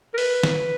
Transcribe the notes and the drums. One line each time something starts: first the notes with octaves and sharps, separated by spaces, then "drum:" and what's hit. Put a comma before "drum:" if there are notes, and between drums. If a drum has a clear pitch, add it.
A#4
B4, drum: open hi-hat
drum: snare